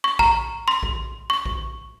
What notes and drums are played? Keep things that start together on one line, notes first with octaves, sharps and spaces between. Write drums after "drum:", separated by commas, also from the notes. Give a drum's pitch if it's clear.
C#6
A#5, drum: kick
C6
drum: kick
C#6
drum: kick